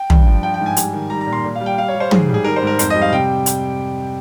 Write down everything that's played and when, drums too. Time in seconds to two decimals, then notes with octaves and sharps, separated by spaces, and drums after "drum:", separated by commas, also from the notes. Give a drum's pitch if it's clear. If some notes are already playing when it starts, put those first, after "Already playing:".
Already playing: G5
0.10 G2, drum: tom
0.27 F3
0.43 F3 G5
0.54 G5
0.60 G#2
0.66 G#5
0.77 G3, drum: hi-hat
0.93 D#3
1.10 G3 A#5
1.21 A#5
1.27 A#2
1.33 C6
1.44 A#2
1.55 F5
1.60 G3
1.66 G5
1.78 G3 F5
1.88 C#5
1.94 G3
2.00 C5
2.11 G#2 G#4, drum: tom
2.29 G3
2.34 G#4
2.44 D#3 A#4
2.56 C5
2.62 G#2
2.67 A#4
2.79 F2 C5, drum: hi-hat
2.90 D#5
2.95 G3
3.02 F5
3.12 C3 G5
3.46 drum: hi-hat